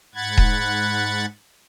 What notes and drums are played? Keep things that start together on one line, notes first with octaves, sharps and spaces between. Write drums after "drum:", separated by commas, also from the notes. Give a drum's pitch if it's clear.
G#2 F#5 B5 F#6 G#6 A6
drum: kick D#1